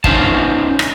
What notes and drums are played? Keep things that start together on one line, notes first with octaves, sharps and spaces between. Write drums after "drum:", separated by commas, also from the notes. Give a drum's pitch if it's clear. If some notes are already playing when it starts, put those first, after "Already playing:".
C#4 D#4 C5 F5 A5, drum: kick
drum: rim click